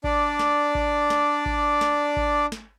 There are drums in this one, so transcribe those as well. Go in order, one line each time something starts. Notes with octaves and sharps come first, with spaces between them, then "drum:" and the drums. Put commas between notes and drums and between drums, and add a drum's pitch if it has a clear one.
D4 D5, drum: kick G#1
drum: snare
drum: kick G#1
drum: snare
drum: kick G#1
drum: snare
drum: kick G#1
drum: snare